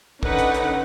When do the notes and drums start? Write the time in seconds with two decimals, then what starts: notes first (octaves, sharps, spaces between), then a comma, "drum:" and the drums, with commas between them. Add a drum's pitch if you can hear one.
0.23 D3 C#4 D#4 B4 F#5, drum: kick
0.39 drum: hi-hat
0.54 drum: hi-hat